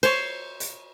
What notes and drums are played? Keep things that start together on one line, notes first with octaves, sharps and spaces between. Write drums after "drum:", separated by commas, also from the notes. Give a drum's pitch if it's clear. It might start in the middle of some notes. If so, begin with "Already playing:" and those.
C5 C#5, drum: cymbal
drum: hi-hat